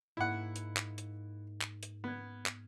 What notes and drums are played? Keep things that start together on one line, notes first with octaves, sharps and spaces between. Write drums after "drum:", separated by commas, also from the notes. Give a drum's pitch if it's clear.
G#2 A#3 E4 F#5 G#6
drum: hi-hat
drum: clap
drum: hi-hat
drum: clap
drum: hi-hat
B3 F6 F#6 G#6
drum: clap